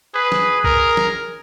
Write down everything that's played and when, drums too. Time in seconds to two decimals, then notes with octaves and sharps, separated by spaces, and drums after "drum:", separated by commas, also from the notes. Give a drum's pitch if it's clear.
0.15 G#4 B4
0.32 drum: snare
0.64 A#4, drum: kick B1
0.97 drum: snare